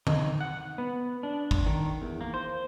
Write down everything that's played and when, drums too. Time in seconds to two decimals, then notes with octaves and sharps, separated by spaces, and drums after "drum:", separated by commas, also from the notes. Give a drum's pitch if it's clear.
0.07 D#4, drum: tom D3
0.41 F#5
0.78 B3
1.23 D4
1.51 drum: kick
1.66 D#3
2.02 E2
2.21 A#3
2.34 C5